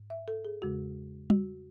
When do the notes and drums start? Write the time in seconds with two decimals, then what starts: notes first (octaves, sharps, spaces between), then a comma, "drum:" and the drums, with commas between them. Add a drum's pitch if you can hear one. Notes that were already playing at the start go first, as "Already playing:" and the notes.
Already playing: G#2
0.10 E5
0.28 A4
0.45 G#4
0.62 E2 C#3 G#3 F#4
1.30 F#4, drum: tom G3